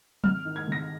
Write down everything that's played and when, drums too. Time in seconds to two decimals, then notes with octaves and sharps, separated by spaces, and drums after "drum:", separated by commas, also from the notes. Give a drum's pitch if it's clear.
0.24 G#1 F6, drum: tom
0.45 D#3
0.56 G#6
0.68 G#1 A#6